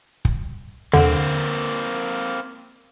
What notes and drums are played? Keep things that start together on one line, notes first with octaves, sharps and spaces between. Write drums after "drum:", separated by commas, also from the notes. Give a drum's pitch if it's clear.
drum: kick
D3 A#3 C4, drum: tom D#2